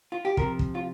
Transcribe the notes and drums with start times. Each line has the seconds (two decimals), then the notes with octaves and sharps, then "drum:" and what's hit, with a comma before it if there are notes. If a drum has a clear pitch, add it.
0.12 F4
0.25 G4
0.37 C3 F3 A#4, drum: kick
0.59 drum: kick
0.75 F4